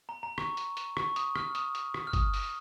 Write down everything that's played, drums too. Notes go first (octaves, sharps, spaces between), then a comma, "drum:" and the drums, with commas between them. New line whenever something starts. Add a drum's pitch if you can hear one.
A#5
A#5
C#6, drum: rim click
drum: hi-hat
drum: hi-hat
C#6, drum: rim click
D#6, drum: hi-hat
F6, drum: rim click
D#6, drum: hi-hat
drum: hi-hat
drum: rim click
F6
D#6, drum: kick, hi-hat
drum: open hi-hat